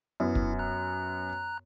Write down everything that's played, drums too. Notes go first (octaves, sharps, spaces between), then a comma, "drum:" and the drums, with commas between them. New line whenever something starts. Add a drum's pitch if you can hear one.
F#2 B3 E4
drum: kick
A#5 F#6